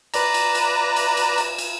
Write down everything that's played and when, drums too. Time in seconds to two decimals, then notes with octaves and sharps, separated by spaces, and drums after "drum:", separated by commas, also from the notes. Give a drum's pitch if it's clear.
0.14 B4 D5 A#5, drum: cymbal
0.34 drum: cymbal
0.55 drum: cymbal
0.96 drum: cymbal
1.17 drum: cymbal
1.38 drum: cymbal
1.58 drum: cymbal